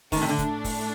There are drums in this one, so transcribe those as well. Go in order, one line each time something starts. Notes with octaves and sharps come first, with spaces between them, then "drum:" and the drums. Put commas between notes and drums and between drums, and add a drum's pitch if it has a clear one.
A2 D#3 A3 D4, drum: kick, open hi-hat
C3
D3
drum: kick, hi-hat
drum: kick, open hi-hat